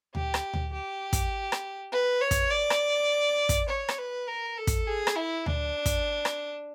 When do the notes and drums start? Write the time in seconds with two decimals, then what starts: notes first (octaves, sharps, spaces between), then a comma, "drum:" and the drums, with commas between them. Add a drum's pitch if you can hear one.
0.15 G4, drum: tom D2
0.34 drum: rim click
0.54 drum: tom D2
0.73 G4
1.13 drum: kick, hi-hat
1.52 drum: rim click
1.92 B4
2.21 C#5
2.31 drum: kick, hi-hat
2.50 D5
2.70 drum: rim click
3.49 drum: kick, hi-hat
3.69 C#5
3.88 drum: rim click
3.98 B4
4.27 A#4
4.57 A4
4.67 drum: kick, hi-hat
4.87 G#4
5.07 drum: rim click
5.16 E4
5.46 D4, drum: tom D2
5.86 drum: kick, hi-hat
6.25 drum: rim click